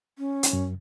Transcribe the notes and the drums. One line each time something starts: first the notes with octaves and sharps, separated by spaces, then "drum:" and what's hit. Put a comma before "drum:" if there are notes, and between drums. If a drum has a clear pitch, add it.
C#4
drum: hi-hat
F#2